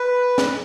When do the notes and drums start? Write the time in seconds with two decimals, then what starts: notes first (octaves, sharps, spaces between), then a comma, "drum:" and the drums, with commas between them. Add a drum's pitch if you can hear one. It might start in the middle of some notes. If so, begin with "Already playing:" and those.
Already playing: B4
0.38 drum: snare